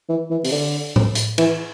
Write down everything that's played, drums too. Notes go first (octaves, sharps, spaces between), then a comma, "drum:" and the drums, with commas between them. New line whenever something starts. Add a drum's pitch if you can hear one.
E3
E3
C3, drum: open hi-hat
D3
drum: tom A2
drum: hi-hat
E3, drum: cymbal